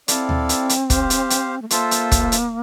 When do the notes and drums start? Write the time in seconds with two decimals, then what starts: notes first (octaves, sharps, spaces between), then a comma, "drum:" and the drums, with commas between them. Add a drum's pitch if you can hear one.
0.08 C4 E4 A4 D5 F5, drum: hi-hat
0.29 drum: tom D2
0.49 drum: hi-hat
0.69 drum: hi-hat
0.90 G4 C5 F5, drum: kick, hi-hat
1.10 drum: hi-hat
1.30 drum: hi-hat
1.62 A3
1.70 A#3 F4 A4 C5 E5, drum: hi-hat
1.91 drum: hi-hat
2.11 drum: kick, hi-hat
2.32 drum: hi-hat